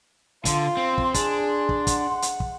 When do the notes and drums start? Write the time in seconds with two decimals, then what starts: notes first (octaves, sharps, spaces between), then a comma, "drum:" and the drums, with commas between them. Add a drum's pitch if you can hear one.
0.45 D3 F4 C6, drum: kick, hi-hat
0.77 C4
0.98 drum: kick
1.14 D4 G#4, drum: kick, hi-hat
1.47 C6
1.69 drum: kick
1.87 F#5, drum: kick, hi-hat
2.22 drum: hi-hat
2.40 drum: kick